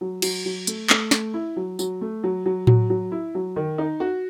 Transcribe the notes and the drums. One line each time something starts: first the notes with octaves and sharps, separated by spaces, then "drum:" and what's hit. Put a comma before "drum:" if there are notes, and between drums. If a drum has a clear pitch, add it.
F#3
F#3, drum: cymbal
F#3
A3, drum: hi-hat
A3, drum: clap
A3, drum: snare
E4
F#3
F#3, drum: tambourine
A3
F#3
F#3
F#3, drum: tom A2
F#3
E4
F#3
D#3
D#4
F#4